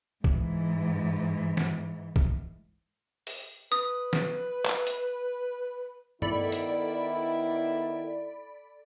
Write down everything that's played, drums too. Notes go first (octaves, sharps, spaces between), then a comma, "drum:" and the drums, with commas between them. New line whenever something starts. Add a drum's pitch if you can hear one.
G#2 E3, drum: kick
drum: snare
drum: kick
drum: open hi-hat
B4 D#6
drum: snare
drum: clap
drum: hi-hat
D#3 B3 E4 A4 D5 B5, drum: tom G2
drum: hi-hat